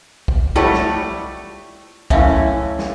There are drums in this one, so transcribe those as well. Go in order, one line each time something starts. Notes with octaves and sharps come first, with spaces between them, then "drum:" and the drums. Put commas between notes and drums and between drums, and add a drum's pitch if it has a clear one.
drum: kick
G3 A3 E4 F4 C#5 D#5 F#5 A5
drum: snare
F#2 E3 A3 C#4 E5 F5 G#5, drum: kick
drum: snare